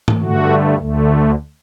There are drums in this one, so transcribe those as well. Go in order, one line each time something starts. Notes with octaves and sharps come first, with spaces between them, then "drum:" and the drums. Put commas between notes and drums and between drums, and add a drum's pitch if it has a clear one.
drum: tom G#2
G2 D3 A3 F#4
D2 D3 A3